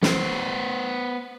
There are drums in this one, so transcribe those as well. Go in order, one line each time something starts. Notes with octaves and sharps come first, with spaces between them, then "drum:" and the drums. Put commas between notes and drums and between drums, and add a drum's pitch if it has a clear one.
B3 C5, drum: snare